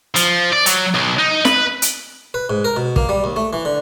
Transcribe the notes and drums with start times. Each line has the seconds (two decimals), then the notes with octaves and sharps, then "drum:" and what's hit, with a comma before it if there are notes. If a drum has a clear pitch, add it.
0.16 F3, drum: hi-hat
0.52 D5
0.66 F#3, drum: hi-hat
0.95 B1
1.19 D#4
1.45 B4, drum: snare
1.82 drum: hi-hat
2.34 B4
2.50 G#2
2.65 A#4
2.77 B2
2.96 A#3, drum: kick
3.09 G3
3.24 D#2
3.36 A3
3.53 E3
3.65 D3